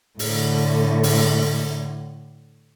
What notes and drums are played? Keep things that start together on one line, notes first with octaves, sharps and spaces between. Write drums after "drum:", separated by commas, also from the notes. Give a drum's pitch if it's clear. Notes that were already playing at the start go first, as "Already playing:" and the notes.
A2 D3, drum: open hi-hat
drum: open hi-hat